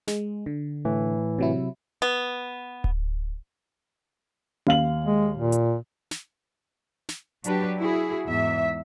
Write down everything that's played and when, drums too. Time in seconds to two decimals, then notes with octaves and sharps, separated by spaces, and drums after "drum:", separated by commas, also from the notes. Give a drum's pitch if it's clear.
0.08 G#3, drum: snare
0.46 D3
0.85 A2 E3
1.39 C3 F#3 E4
2.02 B3
2.84 drum: kick D1
4.67 D#2 F5 F#7, drum: tom C#4
5.05 G#3
5.37 A#2
5.52 drum: hi-hat
6.11 drum: snare
7.09 drum: snare
7.44 F#3 D4 G4 B4, drum: hi-hat
7.78 E4 F#4 G#4
8.27 E2 G#2 E5